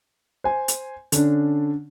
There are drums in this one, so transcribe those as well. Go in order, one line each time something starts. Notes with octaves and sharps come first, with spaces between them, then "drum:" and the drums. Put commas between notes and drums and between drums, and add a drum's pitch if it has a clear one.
C5 G#5
drum: hi-hat
D3 C#4 D4, drum: hi-hat